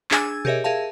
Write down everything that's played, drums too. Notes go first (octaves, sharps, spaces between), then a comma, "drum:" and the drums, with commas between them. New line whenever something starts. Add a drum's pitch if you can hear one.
D4 G#4 G#5 E6 G#6, drum: clap
G4 G#4 A#4 C#5 D#5 E5, drum: tom B2
G#4 A#4 E5 F5 A5